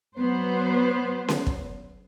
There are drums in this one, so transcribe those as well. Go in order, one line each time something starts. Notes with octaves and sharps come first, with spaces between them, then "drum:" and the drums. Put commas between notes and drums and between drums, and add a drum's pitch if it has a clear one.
F#3 B3 C5
drum: snare C#4
drum: kick